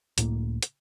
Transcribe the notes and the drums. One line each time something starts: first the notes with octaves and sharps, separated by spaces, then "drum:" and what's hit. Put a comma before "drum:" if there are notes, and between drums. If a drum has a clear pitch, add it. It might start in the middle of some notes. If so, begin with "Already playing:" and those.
C#2 A2 A#3, drum: hi-hat
drum: hi-hat